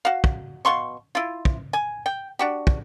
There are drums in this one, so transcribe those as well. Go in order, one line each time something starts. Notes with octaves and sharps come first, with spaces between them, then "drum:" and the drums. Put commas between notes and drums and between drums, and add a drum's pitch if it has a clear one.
F#4 F5
drum: kick
B2 F5 C6 C#6
E4 F4
drum: kick
G#5
G5
D4 F#4 G4
drum: kick